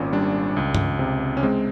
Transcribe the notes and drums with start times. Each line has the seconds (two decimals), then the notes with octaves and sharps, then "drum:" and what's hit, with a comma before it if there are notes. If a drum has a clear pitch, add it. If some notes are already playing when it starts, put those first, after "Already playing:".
Already playing: G#1 A#2 C#4
0.12 G3 D4
0.57 C#2
0.75 drum: tom G2
0.99 C3
1.37 C#4
1.43 G#3 C4